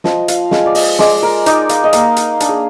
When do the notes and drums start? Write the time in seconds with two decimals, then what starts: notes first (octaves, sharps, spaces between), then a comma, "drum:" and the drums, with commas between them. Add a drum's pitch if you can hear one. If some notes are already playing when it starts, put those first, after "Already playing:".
0.04 F3 D#5, drum: snare
0.28 F5, drum: hi-hat
0.51 G#3 F5, drum: snare
0.66 D5
0.75 D#5, drum: open hi-hat
0.99 G#3 D5, drum: snare
1.23 A#4
1.46 D#4 D5, drum: hi-hat
1.69 F5, drum: hi-hat
1.84 D#5
1.93 A#3 F5, drum: hi-hat
2.16 drum: hi-hat
2.40 D4, drum: hi-hat
2.49 G#4